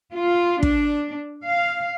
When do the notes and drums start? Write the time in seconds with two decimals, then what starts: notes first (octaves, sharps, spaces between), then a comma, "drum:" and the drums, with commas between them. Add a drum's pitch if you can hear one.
0.14 F4
0.63 D4, drum: kick
1.45 F5